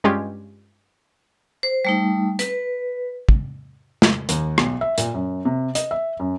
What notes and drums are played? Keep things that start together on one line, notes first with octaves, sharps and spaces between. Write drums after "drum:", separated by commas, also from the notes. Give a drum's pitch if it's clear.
G2 G#3 C#4 F4 G4 G#6
C5
G3 A3 D#4
B4, drum: hi-hat
drum: kick
drum: snare
D#2, drum: hi-hat
B1, drum: rim click
E5
A#2, drum: hi-hat
F#2
C3
D#5, drum: hi-hat
E5
F#2